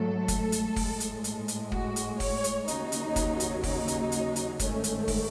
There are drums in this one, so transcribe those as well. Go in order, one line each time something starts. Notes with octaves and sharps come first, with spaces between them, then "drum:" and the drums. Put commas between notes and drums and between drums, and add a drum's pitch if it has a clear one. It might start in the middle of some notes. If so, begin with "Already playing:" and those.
Already playing: G#2 F#3 A3 A4
drum: kick, hi-hat
drum: hi-hat
A2 G#3, drum: kick, open hi-hat
drum: hi-hat
drum: hi-hat
drum: hi-hat
F#4, drum: kick
drum: hi-hat
C#5, drum: kick, open hi-hat
drum: hi-hat
D#2 C#3 F#3 D#4, drum: hi-hat
drum: hi-hat
drum: kick, hi-hat
drum: hi-hat
D#4, drum: kick, open hi-hat
drum: hi-hat
drum: hi-hat
drum: hi-hat
G#2 D#3 A3 C#4, drum: kick, hi-hat
drum: hi-hat
drum: kick, open hi-hat